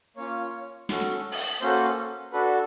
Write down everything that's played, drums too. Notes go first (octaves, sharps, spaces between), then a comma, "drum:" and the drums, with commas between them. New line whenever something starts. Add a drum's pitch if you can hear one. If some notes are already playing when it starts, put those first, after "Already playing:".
A#3 C#4 F4 C#5
C#4 F#4 A4, drum: snare
drum: open hi-hat
A#3 C#4 F#4 A4 C5
D4 F#4 A4 B4